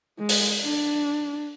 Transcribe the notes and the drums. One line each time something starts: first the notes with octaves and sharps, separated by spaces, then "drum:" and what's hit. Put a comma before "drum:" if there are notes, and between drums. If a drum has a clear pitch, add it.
G#3
drum: open hi-hat
D4